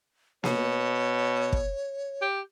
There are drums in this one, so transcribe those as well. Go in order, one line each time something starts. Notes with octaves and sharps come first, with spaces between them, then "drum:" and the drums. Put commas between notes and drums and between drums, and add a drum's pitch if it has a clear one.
B2 C#5, drum: snare A#3
drum: kick
G4